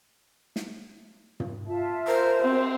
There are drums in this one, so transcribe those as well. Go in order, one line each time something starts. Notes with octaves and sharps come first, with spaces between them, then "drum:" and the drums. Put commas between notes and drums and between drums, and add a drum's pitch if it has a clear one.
drum: snare
drum: tom
F4 E5 A5
A#4 C5
C4, drum: cymbal